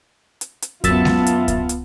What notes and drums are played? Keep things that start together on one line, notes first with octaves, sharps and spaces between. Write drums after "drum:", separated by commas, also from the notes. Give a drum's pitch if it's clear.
drum: hi-hat
drum: hi-hat
F#2 B3 F4 E5 A5, drum: kick C#2, hi-hat
drum: snare G#3
drum: hi-hat
drum: kick C#2, hi-hat
drum: hi-hat